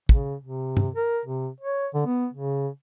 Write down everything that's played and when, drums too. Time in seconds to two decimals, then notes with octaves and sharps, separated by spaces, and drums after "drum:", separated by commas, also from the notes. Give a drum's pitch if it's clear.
0.09 C#3, drum: kick
0.42 C3
0.77 drum: tom G2
0.95 A#4
1.26 C3
1.60 C#5
1.94 D3
2.06 B3
2.34 C#3